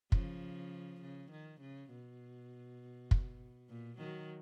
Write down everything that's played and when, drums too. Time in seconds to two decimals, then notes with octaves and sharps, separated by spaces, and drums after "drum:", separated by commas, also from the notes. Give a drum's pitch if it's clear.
0.12 C#3 F3, drum: kick
1.01 C#3
1.31 D#3
1.60 C#3
1.90 B2
3.11 drum: kick
3.69 A#2
3.98 D#3 F#3